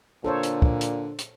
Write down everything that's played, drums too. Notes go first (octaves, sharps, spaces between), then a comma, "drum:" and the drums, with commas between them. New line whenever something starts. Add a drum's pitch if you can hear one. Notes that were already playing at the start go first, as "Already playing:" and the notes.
A#2 D3 A4 C5 C#5
drum: hi-hat
drum: kick
drum: hi-hat
drum: hi-hat